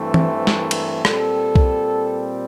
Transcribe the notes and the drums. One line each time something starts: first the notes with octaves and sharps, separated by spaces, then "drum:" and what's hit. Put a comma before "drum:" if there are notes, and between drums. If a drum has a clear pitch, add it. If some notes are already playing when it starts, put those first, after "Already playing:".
Already playing: G2 E3 A3 C4
C5, drum: tom E3
drum: snare
A#4
drum: cymbal
A#2 G3 C4 A4, drum: rim click
drum: kick B1